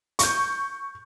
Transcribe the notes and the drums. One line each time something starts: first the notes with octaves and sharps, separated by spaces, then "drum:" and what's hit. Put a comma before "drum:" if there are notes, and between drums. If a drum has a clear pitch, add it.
C#6 G6, drum: hi-hat